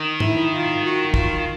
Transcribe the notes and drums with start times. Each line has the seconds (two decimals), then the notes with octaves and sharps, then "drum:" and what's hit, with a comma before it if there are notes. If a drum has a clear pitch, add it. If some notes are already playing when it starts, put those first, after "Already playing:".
Already playing: D#3
0.20 E4, drum: tom G#2
0.52 F4
0.83 F#4
1.14 F4, drum: kick